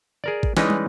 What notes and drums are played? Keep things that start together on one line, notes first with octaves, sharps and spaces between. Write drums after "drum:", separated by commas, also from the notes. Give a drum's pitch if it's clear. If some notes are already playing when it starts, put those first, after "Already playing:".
G#4 A#4 D5
drum: kick G#1
E3 G#3 C#4 D#4 B4 D5, drum: snare
drum: tom